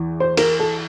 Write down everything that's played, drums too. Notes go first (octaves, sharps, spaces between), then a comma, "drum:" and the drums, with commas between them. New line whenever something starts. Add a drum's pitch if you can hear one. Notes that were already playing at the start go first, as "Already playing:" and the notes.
Already playing: E2 E3
C5
A#4, drum: cymbal
A4